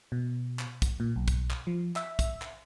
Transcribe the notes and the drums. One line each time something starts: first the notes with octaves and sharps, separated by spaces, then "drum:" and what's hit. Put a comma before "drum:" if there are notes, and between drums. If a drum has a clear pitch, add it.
B2
drum: clap
drum: kick, hi-hat
A#2
B1
drum: kick, hi-hat
drum: clap
F3
E5, drum: clap
drum: kick, hi-hat
drum: clap